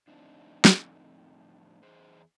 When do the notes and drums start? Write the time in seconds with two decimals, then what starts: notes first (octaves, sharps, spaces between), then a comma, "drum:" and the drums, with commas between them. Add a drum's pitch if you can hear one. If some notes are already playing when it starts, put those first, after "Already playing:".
0.08 F2 A2 D3 C4 D4 D#4
0.65 drum: snare
1.83 E2 G#4 C5